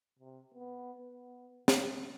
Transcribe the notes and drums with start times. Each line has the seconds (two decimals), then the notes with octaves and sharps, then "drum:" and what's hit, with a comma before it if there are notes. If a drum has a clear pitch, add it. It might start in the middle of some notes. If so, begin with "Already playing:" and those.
0.19 C3
0.54 B3
0.99 B3
1.68 C3, drum: snare